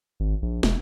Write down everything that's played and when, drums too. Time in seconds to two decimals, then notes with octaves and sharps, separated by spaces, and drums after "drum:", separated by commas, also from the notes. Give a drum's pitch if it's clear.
0.20 G#1
0.42 A#1
0.63 E1, drum: snare